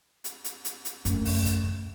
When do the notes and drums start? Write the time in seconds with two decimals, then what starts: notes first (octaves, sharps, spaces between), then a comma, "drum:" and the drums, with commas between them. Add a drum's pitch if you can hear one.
0.24 drum: hi-hat
0.44 drum: hi-hat
0.65 drum: hi-hat
0.85 drum: hi-hat
1.05 F#2 A3, drum: hi-hat
1.25 drum: kick, open hi-hat
1.45 drum: kick, hi-hat